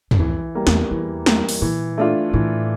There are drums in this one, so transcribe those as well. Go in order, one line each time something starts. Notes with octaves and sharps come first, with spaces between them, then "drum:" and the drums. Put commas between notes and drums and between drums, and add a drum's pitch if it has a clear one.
E2, drum: tom
F2 E3
G3 A#3
E2, drum: snare
E2 E3
G3 A#3, drum: snare
drum: open hi-hat
A#2 E3
A3 D4 F4
A2 E3